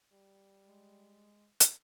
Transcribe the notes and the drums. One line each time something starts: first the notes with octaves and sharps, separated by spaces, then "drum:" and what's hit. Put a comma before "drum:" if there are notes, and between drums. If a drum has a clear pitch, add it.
G3
G#3
drum: hi-hat